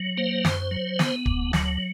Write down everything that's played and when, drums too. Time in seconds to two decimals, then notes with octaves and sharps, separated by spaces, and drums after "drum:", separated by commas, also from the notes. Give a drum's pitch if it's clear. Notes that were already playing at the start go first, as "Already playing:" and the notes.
Already playing: F#3
0.17 A#3 C5
0.45 F#2, drum: snare
0.71 F#3
0.99 B3, drum: snare
1.26 D2, drum: kick D1
1.53 F#3, drum: snare